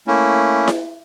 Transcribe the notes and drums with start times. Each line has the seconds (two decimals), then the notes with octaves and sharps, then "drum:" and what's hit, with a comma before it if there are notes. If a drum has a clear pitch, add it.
0.07 A3 A#3 C#4 E4
0.68 drum: snare E4